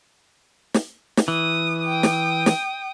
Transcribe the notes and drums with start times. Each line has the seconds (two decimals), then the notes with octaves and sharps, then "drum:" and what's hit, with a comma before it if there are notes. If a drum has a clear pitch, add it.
0.74 drum: snare
1.17 drum: snare
1.28 E3 D#6
1.82 G5 D#6
2.03 drum: snare
2.46 drum: snare